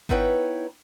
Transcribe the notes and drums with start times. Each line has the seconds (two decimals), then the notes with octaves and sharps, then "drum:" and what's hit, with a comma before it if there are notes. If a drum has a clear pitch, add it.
0.09 B3 D#4 E4 B4 C#5 G5, drum: kick G#1